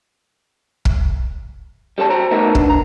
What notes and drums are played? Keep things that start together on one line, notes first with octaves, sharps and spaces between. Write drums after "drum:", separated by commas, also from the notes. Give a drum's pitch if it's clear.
drum: kick
G3 A4 C#5 A5
F#4 C5 A#5
A3 B3 D#4 A4 A#4 D#5
D4, drum: kick
A#5